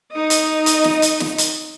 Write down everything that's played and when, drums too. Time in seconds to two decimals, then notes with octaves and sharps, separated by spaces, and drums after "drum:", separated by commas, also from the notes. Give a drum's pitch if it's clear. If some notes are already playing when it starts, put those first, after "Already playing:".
0.12 D#4 D#5
0.30 drum: hi-hat
0.66 drum: hi-hat
0.84 drum: snare
1.02 drum: hi-hat
1.20 drum: snare
1.38 drum: hi-hat